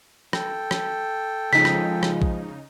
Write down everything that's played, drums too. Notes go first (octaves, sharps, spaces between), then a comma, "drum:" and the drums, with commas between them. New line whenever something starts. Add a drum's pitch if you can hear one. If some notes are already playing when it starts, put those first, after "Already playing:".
A4 G5, drum: rim click
drum: rim click
C#3 F3 G#3 D#4 B6
drum: rim click
drum: rim click
drum: kick A#1